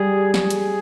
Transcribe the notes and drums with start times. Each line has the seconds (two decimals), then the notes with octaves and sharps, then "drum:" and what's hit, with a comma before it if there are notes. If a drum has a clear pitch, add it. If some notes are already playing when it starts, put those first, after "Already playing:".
Already playing: G3 G#4
0.34 G#4, drum: snare
0.50 drum: hi-hat